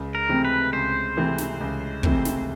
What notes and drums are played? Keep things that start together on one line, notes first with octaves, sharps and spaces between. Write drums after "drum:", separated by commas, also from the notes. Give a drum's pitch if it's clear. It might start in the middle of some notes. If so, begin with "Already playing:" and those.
Already playing: C#2
A#4
C3 E3 A3 C4
B4
C#2 C5
C3 E3 A3 C4
drum: snare
C#2
C3 E3 A3 C4, drum: kick
drum: snare